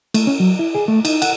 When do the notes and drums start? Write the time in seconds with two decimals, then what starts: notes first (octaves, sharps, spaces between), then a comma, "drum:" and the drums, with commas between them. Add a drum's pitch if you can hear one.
0.14 A3, drum: cymbal
0.27 C#4
0.40 F#3
0.59 E4
0.75 G#4
0.88 A3
1.05 D#4, drum: cymbal
1.22 F#5, drum: cymbal